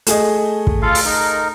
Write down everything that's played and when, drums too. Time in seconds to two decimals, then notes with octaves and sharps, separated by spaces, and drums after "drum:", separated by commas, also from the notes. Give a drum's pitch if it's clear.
0.07 A3 G#4 D#5, drum: hi-hat
0.67 drum: kick
0.82 F4 A4 F5
0.95 drum: open hi-hat
1.05 D#4 A#4